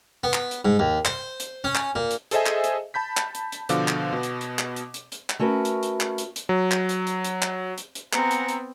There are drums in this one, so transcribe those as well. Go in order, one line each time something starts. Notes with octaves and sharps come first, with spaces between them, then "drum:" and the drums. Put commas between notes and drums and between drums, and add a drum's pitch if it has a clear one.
B3
drum: clap
drum: hi-hat
G#2
D#2
C5, drum: clap
drum: hi-hat
C#4
drum: clap
A#2
drum: hi-hat
G#4 A4 C5 D#5 E5 G#5, drum: hi-hat
drum: clap
drum: hi-hat
A5 B5 G6 B6
drum: clap
drum: hi-hat
drum: hi-hat
B2 D3 F3 F5 D6, drum: hi-hat
drum: clap
B2 B3
drum: hi-hat
drum: hi-hat
drum: clap
drum: hi-hat
drum: hi-hat
drum: hi-hat
drum: clap
A3 C#4 F#4 A#4 B4
drum: hi-hat
drum: hi-hat
drum: clap
drum: hi-hat
drum: hi-hat
F#3
drum: clap
drum: hi-hat
drum: hi-hat
drum: hi-hat
drum: clap
drum: hi-hat
drum: hi-hat
B3 C4 F#5 G#5 A#5, drum: clap
drum: hi-hat
drum: hi-hat